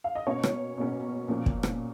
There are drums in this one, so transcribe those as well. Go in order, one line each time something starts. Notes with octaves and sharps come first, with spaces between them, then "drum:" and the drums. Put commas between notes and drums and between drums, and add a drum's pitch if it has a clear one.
F5
D#5
B2 A#3 C#4 C#5
drum: rim click
B2 A#3 C#4
A#2 F3 A#3 C#4
drum: kick
drum: rim click